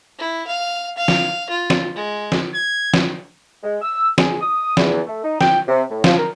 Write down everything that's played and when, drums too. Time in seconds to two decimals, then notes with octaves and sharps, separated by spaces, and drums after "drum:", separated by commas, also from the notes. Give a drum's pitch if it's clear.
0.18 E4
0.47 F5
0.97 F5
1.08 drum: snare
1.50 F4
1.70 drum: snare
1.95 G#3
2.32 drum: snare
2.55 G#6
2.94 drum: snare
3.63 G#3
3.82 E6
4.18 G#4, drum: snare
4.41 D#6
4.77 E2, drum: snare
5.07 A3
5.24 D#4
5.41 G5, drum: snare
5.68 C3
5.90 A2
6.04 F3, drum: snare
6.17 A#4